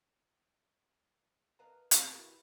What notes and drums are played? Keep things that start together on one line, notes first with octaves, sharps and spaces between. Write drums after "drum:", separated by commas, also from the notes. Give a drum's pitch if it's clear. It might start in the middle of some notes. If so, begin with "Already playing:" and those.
A#4 B4 D#5 F5 A5 A#5
A2 C#3 C4, drum: hi-hat
E4 F#4 G4 A#4 B4